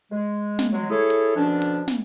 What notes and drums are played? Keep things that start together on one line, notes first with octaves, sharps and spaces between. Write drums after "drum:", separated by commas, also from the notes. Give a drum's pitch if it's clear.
G#3
drum: snare
F#3 G#3
E4 G#4 A4 C#5
drum: hi-hat
B2 D3 F3 C#4 D4
drum: hi-hat
drum: snare